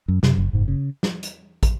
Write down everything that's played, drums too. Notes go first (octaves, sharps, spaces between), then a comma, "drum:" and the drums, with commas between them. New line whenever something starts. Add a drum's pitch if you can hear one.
F#2
F#2 C3, drum: snare
F#1
F#1 G#2
C#3
drum: snare
drum: hi-hat
drum: kick, hi-hat